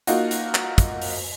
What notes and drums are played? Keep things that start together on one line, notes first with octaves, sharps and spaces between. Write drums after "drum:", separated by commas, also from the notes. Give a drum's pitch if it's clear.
A#3 D#4 F4 F#4, drum: hi-hat
drum: hi-hat
drum: clap
drum: kick, hi-hat
drum: open hi-hat